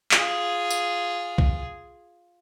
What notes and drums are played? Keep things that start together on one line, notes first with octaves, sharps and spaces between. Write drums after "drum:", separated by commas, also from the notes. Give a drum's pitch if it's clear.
F4 G#4, drum: clap
drum: tambourine
drum: kick